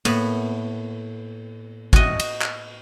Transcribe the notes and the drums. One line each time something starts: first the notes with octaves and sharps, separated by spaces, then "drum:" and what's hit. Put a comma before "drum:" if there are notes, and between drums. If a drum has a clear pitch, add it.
A2 A#3 B3, drum: cymbal
F#4 D#5, drum: kick G#1
drum: cymbal
drum: clap